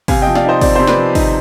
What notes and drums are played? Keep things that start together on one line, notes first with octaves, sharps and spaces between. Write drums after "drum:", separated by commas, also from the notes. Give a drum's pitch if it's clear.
C3 F5 G#5, drum: kick, open hi-hat
D#5 G5
F3
D5 F5, drum: snare
D#4 C5 D#5
C4 D5, drum: kick, open hi-hat
C3 C5
B4 D5, drum: snare
F3
D#4, drum: kick, open hi-hat